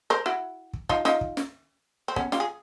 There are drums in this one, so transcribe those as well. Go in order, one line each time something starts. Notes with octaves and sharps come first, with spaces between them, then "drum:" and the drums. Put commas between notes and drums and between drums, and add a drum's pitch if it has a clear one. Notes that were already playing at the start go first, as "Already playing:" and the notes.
A#4 C5
E4 F#4
drum: kick
D#4 F4, drum: kick
D#4 F4, drum: snare
drum: kick
drum: snare
C4
B3 C#4, drum: kick
F4 G4, drum: snare
G#4